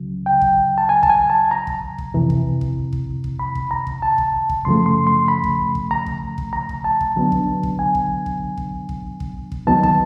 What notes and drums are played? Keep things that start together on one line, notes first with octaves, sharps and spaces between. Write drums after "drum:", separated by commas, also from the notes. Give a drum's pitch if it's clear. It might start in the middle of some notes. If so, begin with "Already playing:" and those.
Already playing: C#2 C#3 F#3
G5
drum: kick
A5
G#5
A5, drum: kick
G#5
A5
A#5
drum: kick
drum: kick
F2 C3 E3
drum: kick
drum: kick
drum: kick
drum: kick
B5
drum: kick
A#5
drum: kick
A5
drum: kick
drum: kick
F#2 C#3 F3 A3 C6
C6
C6
B5
drum: kick
drum: kick
A#5
drum: kick
drum: kick
A#5
drum: kick
A5
drum: kick
D3 F#3 B3 D4
drum: kick
drum: kick
G#5
drum: kick
drum: kick
drum: kick
drum: kick
drum: kick
drum: kick
D#2 D#3 F#3 B3 D#4 A5
A5, drum: kick